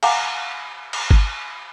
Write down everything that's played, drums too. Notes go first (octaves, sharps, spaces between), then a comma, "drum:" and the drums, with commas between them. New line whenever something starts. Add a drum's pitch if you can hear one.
F5 F#5 G#5 A#5 D6, drum: cymbal
drum: cymbal
drum: kick G1